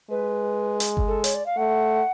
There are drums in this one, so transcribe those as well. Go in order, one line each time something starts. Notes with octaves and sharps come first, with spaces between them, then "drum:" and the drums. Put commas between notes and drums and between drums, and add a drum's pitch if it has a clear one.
G#3 B4
drum: hi-hat
drum: kick G1
A4
C#5, drum: hi-hat
D5
F5
A3 F#5